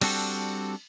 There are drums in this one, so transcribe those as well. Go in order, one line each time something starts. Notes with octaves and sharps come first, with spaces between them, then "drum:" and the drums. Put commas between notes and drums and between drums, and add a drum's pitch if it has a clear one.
G3 C4 D4 F#4 A4, drum: cymbal